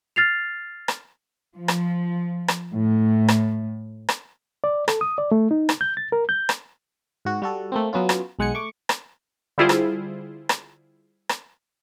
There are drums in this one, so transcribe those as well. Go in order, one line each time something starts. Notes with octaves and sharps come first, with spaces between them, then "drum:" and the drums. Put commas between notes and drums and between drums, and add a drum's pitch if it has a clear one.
F6 A6 C7 F7
drum: rim click
F3
drum: rim click
drum: rim click
A2
drum: rim click
drum: rim click
D5
A4, drum: rim click
D#6
D5
A3
D#4
drum: rim click
G6
A6
A#4
G6
drum: rim click
G#2 F#4
G3 F#4 A4
A3 A#3 C4
F#3 B3 C#4 F4
drum: rim click
B1 G#3 F#5 G#5 C#7
A3 C#6 D6
drum: rim click
D3 G3 E4 F4 G#4 C5
drum: rim click
drum: rim click
drum: rim click